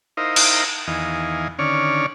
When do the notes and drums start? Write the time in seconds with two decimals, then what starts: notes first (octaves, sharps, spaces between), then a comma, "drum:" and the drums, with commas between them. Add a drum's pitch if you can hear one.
0.17 D#4 E4 A#4 C5 D#5 F5
0.36 drum: cymbal
0.87 E2 D#3 E3 D#5 F5 G#5
1.59 D3 D#3 C#4 C#5 D5 F6